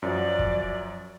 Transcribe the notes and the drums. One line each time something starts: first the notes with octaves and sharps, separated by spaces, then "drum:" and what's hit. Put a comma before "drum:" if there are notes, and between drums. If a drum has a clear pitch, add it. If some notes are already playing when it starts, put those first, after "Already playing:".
F#2 F3 F#3 D5
drum: kick